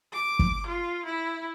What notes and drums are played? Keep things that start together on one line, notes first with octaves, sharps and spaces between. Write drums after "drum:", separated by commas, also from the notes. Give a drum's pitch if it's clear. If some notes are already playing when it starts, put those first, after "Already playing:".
D6
drum: kick
F4
E4